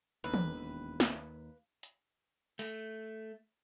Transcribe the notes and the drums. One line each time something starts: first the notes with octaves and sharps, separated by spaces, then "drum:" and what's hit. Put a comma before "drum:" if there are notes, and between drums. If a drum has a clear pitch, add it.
E1 D#2 B4
drum: tom
drum: snare
drum: hi-hat
A3, drum: open hi-hat